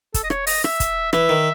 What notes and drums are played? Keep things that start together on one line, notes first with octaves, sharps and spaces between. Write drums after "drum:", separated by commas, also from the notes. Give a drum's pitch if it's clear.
A4, drum: kick, hi-hat
D#5
C#5, drum: rim click
D#5, drum: open hi-hat
E5, drum: rim click
drum: kick, hi-hat
E3 E5, drum: rim click
D#3